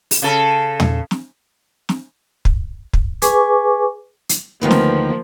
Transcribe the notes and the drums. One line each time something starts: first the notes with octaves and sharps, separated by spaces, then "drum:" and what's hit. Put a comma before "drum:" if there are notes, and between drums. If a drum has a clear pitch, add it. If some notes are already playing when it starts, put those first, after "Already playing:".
drum: open hi-hat
C#3 A4
drum: tom
drum: snare
drum: snare
drum: kick
drum: kick
G#4 B4 G#5 C#6 D6, drum: hi-hat
drum: hi-hat
D2 D#3 F3 A#3 B4
drum: snare